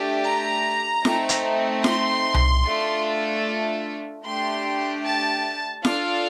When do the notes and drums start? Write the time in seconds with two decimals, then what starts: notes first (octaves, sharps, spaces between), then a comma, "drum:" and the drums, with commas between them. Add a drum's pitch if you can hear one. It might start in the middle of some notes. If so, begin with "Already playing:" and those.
Already playing: A3 D4 G4
0.25 A#5
1.05 A3 C4 D#4, drum: snare
1.29 drum: hi-hat
1.84 C6, drum: snare
2.34 drum: tom C2
2.65 A3 D4 F4 A4
4.25 A3 D4 G4 C6
5.05 A5
5.85 D4 F4 A4 F5, drum: snare